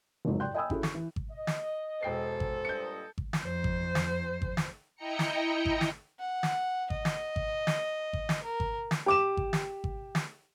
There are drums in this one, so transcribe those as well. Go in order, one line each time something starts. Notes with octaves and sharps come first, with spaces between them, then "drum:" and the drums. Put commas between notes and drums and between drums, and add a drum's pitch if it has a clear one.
F#1 F2 G#2 F#3
D5 G5 C6 F#6 G6
D#5 G5 G#5 B5 D#6 E6
C#4 E4 F#4 G#4 A4, drum: kick G#1
C#6, drum: snare
E3
drum: kick G#1
D#5
drum: snare
E1 A4 C5 G5 C7
drum: kick G#1
G2 A#2 D#5 G6 C#7
drum: kick G#1
drum: snare
F2 C5
drum: kick G#1
drum: snare
drum: kick G#1
drum: snare
E4 D#5 G5 A#5 C#7
drum: snare
drum: kick G#1
drum: snare
F#5
drum: snare
D#5, drum: kick G#1
drum: snare
drum: kick G#1
drum: snare
drum: kick G#1
drum: snare
A#4
drum: kick G#1
drum: snare
G4 D6 E7
drum: kick G#1
drum: snare
drum: kick G#1
drum: snare